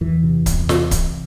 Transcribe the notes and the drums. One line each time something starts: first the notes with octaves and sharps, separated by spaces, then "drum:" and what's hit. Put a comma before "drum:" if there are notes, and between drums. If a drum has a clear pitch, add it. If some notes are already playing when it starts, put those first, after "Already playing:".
E2 E3
C3
E2, drum: kick C#1, hi-hat
C3, drum: snare
drum: kick C#1, hi-hat